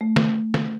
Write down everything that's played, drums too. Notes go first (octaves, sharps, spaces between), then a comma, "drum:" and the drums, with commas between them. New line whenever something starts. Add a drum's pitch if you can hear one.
A3
drum: snare
drum: snare